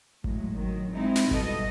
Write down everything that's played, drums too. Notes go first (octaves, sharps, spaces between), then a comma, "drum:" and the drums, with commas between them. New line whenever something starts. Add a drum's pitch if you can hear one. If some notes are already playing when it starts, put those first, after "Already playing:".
A2 F#3 G#3, drum: kick G#1
D#3 F#3
G#3 C4 D#4 E4
drum: snare
B2 G3 A4 D#5, drum: kick G#1